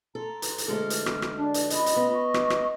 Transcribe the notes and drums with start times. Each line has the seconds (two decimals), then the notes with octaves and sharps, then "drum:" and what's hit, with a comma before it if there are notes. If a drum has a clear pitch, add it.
0.15 A4 A#5 C6
0.42 drum: hi-hat
0.58 drum: hi-hat
0.68 D2 G#3 A4 F6
0.90 drum: hi-hat
1.06 drum: rim click
1.22 drum: rim click
1.37 D4 D5
1.54 drum: hi-hat
1.70 C#4 F4 D#5 B5, drum: hi-hat
1.86 drum: hi-hat
1.96 B3
2.12 C#6
2.34 drum: rim click
2.50 drum: rim click